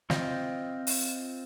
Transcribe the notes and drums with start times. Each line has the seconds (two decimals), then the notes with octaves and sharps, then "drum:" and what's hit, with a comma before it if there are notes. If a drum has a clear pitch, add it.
0.10 C4 F4 D#5 G5, drum: snare
0.87 drum: open hi-hat